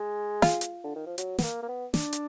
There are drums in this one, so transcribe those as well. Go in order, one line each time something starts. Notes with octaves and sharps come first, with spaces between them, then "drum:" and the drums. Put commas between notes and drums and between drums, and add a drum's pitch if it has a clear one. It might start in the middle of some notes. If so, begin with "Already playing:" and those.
Already playing: G#3
F4, drum: snare
drum: hi-hat
D3
D#3
F3
F#3, drum: hi-hat
B3, drum: snare
A#3
A#3
B3
D4, drum: snare
drum: hi-hat